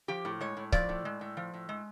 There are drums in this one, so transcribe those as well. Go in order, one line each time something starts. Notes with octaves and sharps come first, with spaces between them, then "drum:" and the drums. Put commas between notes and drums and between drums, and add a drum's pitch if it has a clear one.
F3 G4
A2
G#3 C#5
A2
F3 D5, drum: kick C#1
A2
G#3
A2
F3
A2
G#3